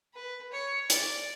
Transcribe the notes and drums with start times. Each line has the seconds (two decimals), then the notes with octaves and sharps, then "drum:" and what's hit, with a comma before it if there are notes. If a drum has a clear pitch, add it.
0.14 B4
0.52 C#5
0.90 D5, drum: hi-hat